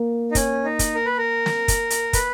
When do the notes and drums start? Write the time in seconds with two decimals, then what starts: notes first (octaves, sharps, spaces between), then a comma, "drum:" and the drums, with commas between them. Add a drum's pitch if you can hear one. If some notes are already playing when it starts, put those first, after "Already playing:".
Already playing: A#3
0.31 D#4
0.35 C#4, drum: kick, hi-hat
0.64 D#4
0.79 drum: kick, hi-hat
0.95 A#4
1.06 B4
1.18 A#4
1.46 drum: snare
1.68 drum: kick, hi-hat
1.90 drum: hi-hat
2.13 B4, drum: kick, hi-hat